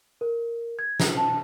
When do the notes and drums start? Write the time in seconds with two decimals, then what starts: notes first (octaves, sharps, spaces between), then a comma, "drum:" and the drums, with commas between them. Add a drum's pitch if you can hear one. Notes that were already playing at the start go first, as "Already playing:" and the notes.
0.21 A#4
0.79 G#6
1.00 A#5, drum: snare
1.17 A5